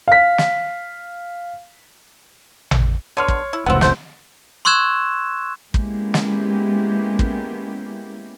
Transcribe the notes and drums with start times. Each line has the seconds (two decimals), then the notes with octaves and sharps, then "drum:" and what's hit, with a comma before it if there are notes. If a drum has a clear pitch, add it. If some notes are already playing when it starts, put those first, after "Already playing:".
0.08 F5 B6
0.38 drum: snare
2.71 drum: tom A1
3.17 D3 B3 C#5 C6 F6
3.28 drum: kick
3.53 E4
3.66 F1 C#2 A2 B3 C4 F#5 E6
3.81 A3 C5, drum: snare
4.65 C6 C#6 E6 F#6 G#6 E7
5.74 G#3 A#3 B3 C#4 E4 G4, drum: kick
6.14 drum: snare
7.19 drum: kick